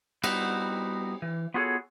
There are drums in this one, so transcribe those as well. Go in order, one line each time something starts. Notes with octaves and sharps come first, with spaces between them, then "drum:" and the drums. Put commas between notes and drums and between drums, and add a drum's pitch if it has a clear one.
G3 B3 C4 D#4 E4 F#4, drum: cymbal
E3
B3 F4 F#4 G#4 A4 C#5